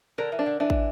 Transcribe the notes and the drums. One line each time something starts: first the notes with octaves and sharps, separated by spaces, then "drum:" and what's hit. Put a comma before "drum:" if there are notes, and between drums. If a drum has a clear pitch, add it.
D3 A#4
E3
D4
D3
E3 D4
drum: kick